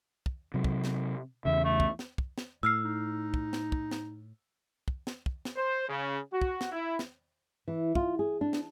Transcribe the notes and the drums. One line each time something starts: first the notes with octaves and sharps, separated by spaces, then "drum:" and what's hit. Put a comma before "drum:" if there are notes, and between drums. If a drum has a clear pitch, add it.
drum: kick
C3 F#3
drum: kick
drum: snare
E2 C#3 E5
A3
drum: kick
drum: snare
drum: kick
drum: snare
A2 E6 F6 C7
D#4
drum: kick
drum: snare
drum: kick
drum: snare
drum: kick
drum: snare
drum: kick
drum: snare
C5
C#3
F#4
drum: kick
drum: snare
E4
drum: snare
E3
F4, drum: kick
G#4
D4
drum: snare